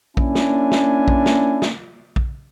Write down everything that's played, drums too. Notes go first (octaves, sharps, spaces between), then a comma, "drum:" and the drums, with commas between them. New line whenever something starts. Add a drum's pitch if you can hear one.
A#3 C#4 D4 E4 G#5, drum: kick A#1
drum: snare
drum: snare
drum: kick A#1
drum: snare
drum: snare
drum: kick A#1